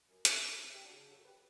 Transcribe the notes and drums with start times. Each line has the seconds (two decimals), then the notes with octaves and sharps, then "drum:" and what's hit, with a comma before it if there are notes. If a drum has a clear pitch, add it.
0.08 F#2
0.25 F#2, drum: hi-hat
0.42 F#2
0.58 C#3 C#4 E4
0.73 D2 G4
0.83 D4 F#4
0.91 C#3
1.09 F#2 F#4 A4
1.25 G4 B4